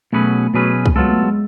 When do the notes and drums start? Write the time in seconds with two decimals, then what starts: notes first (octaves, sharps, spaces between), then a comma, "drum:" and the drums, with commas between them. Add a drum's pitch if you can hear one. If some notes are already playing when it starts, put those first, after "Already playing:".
0.13 B2 F#3 A3 C#4 G#4 B4
0.54 B2 F#3 C#4 G#4 B4
0.86 drum: kick C2
0.96 F#3 G#3 B3 F4 A4
1.09 A3
1.23 G#3